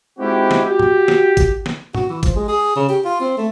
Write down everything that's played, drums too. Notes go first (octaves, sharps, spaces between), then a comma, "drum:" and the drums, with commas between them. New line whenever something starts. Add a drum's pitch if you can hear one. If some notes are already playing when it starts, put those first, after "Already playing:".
G#3 C4 D#4 E4 F#4 G4
drum: snare
F#4 G4
drum: tom G#2
drum: snare
drum: kick, hi-hat
drum: snare
F#4, drum: tom G#2
E3
F3, drum: kick, hi-hat
G#3
G#4
C#3
G4
F4
C4
A3